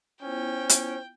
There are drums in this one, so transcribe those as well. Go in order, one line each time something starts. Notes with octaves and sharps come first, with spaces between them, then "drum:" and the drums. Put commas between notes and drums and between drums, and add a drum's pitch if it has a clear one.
B3 C#4 E4 F4 C5 G5
drum: hi-hat